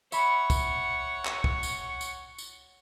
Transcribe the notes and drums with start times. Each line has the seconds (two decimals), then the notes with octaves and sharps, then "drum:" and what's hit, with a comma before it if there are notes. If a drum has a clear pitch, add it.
0.12 C#5 E5 F#5 B5, drum: tambourine
0.50 drum: kick, tambourine
1.25 drum: clap
1.44 drum: kick
1.63 drum: tambourine
2.01 drum: tambourine
2.38 drum: tambourine